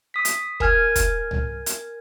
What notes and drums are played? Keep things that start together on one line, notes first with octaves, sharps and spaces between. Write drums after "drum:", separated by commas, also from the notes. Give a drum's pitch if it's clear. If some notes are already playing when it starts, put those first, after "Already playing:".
D#6 B6
drum: hi-hat
A#4 G#5 F6 G#6, drum: kick
drum: kick, hi-hat
drum: tom
drum: hi-hat